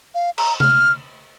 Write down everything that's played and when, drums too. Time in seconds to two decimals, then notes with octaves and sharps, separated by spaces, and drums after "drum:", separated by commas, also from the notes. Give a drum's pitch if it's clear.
0.15 F5
0.38 A#5, drum: cymbal
0.60 F6, drum: tom C3